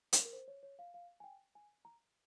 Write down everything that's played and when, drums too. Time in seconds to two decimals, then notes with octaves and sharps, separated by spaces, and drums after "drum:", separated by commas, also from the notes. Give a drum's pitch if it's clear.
0.13 A#4, drum: hi-hat
0.25 A#4
0.33 C5
0.48 C#5
0.63 C#5
0.79 F5
0.94 F5
1.20 G#5
1.24 G5
1.55 G#5
1.85 A#5